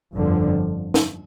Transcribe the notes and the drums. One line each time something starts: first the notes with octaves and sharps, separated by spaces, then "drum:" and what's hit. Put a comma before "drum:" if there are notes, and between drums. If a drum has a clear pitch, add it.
G1 F2 D3 F3
drum: snare